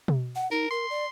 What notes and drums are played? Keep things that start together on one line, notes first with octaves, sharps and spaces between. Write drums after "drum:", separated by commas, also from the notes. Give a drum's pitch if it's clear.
drum: tom B2
F#5
D#4 A#4
A#4 C6
D5